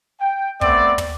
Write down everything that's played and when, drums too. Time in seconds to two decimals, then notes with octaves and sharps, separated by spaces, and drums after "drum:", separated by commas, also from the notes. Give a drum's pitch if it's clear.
0.21 G5
0.61 A3 B3 C4 D5, drum: kick
0.98 drum: tom